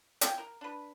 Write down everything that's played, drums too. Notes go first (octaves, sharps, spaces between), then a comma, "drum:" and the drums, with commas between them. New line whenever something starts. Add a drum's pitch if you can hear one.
C#4 F4 G5 G#5, drum: hi-hat
A#4
D4 B4